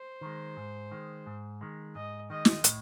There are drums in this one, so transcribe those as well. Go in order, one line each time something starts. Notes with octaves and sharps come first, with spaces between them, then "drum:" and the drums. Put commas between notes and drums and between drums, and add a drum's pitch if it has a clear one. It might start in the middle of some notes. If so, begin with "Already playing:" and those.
Already playing: C5
D#3 G#3
G#2
D#3 G#3
G#2
D#3 G#3
G#2 D#5
D#3 G#3 D#5
drum: snare
A2, drum: hi-hat